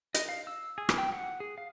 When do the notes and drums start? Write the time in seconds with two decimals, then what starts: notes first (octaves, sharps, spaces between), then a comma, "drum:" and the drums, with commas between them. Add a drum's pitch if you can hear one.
0.14 D#5, drum: hi-hat
0.29 F5
0.47 E6
0.78 G#4
0.89 drum: rim click
0.98 G5
1.13 F#5
1.40 G#4
1.58 F5